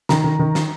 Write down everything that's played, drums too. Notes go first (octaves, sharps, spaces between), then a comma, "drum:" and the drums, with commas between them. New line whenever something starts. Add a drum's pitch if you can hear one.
D#3 A#5, drum: snare
D#3
D#3
drum: snare